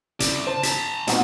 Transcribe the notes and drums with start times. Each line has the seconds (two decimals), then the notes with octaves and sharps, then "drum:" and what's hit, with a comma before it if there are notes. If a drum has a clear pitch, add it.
0.20 G#1 C#3 E4 D5, drum: hi-hat
0.47 C5 A5
0.63 A5 A#5 G#6 A6 B6, drum: hi-hat
1.07 A#2 G#3 B3 C4 D#4 F#4, drum: hi-hat